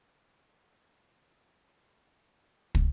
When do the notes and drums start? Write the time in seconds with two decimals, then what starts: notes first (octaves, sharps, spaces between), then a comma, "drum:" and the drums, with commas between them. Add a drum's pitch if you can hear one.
0.05 G4
0.66 B5
1.02 F#5
1.55 A4
2.75 drum: kick